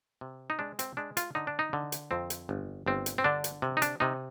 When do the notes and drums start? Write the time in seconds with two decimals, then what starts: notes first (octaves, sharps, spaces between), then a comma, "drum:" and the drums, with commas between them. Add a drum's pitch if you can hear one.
0.21 C3
0.50 D#4
0.59 G#3 D4
0.79 C4, drum: hi-hat
0.97 G#3 D4
1.17 F4, drum: hi-hat
1.35 D3 D#4
1.47 D4
1.59 D#4
1.73 D3
1.92 drum: hi-hat
2.11 F2 C4
2.30 drum: hi-hat
2.49 G1
2.86 G1 C4
3.06 drum: hi-hat
3.18 C4
3.24 D3 D4
3.44 drum: hi-hat
3.62 C3
3.77 D#4
3.82 D4, drum: hi-hat
4.00 C3 D#4